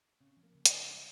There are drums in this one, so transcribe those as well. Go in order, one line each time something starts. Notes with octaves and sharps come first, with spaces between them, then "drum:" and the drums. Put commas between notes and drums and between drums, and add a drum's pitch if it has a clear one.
C#3 C4
F3
A#3
C#3
G#3, drum: hi-hat
C#3
G3 G#3